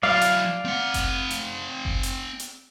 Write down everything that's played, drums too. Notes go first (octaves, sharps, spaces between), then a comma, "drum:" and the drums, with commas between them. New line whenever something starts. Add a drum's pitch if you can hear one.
F#3 E4 D5 F5
drum: hi-hat
C4 F#5
drum: kick F#1, hi-hat
drum: hi-hat
drum: kick F#1
drum: hi-hat
drum: hi-hat